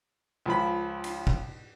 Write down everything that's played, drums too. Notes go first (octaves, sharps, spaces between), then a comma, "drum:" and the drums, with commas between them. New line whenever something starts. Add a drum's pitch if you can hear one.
C#2 F3 B5
drum: cymbal
drum: kick